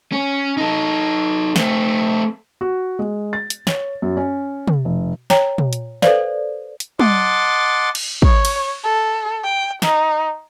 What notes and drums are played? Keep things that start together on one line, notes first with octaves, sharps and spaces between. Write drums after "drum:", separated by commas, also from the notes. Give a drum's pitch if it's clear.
C#4
D#4 A4
A3 C4, drum: snare
F#4
G#3
A6
drum: hi-hat
C#5, drum: snare
F#2
C#4
drum: tom
F1
C#5 G5 A#5, drum: snare
drum: tom
drum: hi-hat
A4 B4 C5 D5 F5, drum: snare
drum: hi-hat
D#5 F#5 A5 C6 D6, drum: tom
drum: cymbal
C#5, drum: kick
drum: cymbal
A4
G5
D#4, drum: snare